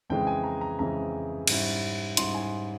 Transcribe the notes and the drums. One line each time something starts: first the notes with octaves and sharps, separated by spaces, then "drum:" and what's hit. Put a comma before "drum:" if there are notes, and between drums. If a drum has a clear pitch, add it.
F2 C#3 E3 G#3 G5
G#5
A#5
A#5
F2 C#3 E3 G#3 A#5
G#2 G3 C#4 E4, drum: cymbal
G#2 G3 C#4 E4 C6, drum: hi-hat
G#5